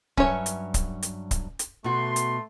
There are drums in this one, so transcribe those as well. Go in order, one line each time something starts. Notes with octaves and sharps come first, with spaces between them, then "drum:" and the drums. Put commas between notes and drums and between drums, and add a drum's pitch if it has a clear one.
G2 F#3 C#4 C#5 E5, drum: kick C#1
drum: hi-hat
drum: kick C#1, hi-hat
drum: hi-hat
drum: kick C#1, hi-hat
drum: hi-hat
B2 A3 F#4 C6
drum: hi-hat